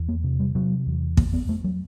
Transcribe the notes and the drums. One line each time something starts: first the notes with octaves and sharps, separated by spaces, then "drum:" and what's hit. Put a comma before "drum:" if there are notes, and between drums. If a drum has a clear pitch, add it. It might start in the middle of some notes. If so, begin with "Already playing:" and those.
Already playing: E2
A#3
C3
G3
C3 F#3
E2
F2 A#3, drum: kick
B3
F2 A3
F#3